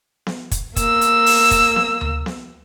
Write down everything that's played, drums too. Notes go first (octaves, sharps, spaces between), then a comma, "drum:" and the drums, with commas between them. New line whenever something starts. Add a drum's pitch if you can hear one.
drum: snare B3
drum: kick, hi-hat
A#3 E6, drum: kick, hi-hat
drum: hi-hat
drum: open hi-hat
drum: kick, hi-hat
drum: snare B3
drum: tom D2
drum: snare B3